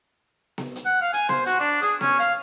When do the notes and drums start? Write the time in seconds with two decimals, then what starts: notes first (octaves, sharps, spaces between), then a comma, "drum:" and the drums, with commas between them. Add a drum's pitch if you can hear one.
0.58 drum: snare B3
0.76 drum: hi-hat
0.85 F#5
1.01 F5
1.13 G#5, drum: hi-hat
1.29 C5, drum: snare B3
1.46 F#4, drum: hi-hat
1.60 D4
1.82 G#4, drum: hi-hat
2.01 C#4, drum: snare B3
2.19 F5, drum: hi-hat